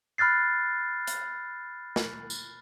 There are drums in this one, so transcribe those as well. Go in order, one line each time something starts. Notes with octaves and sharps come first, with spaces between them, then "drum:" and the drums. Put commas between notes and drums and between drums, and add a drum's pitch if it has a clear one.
B5 F6 F#6 A6 C7
drum: hi-hat
drum: snare
drum: tambourine